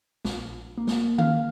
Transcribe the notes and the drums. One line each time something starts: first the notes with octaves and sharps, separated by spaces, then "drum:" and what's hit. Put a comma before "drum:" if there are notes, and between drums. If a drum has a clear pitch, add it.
A#1, drum: snare
A#3
drum: snare
F5, drum: tom D#3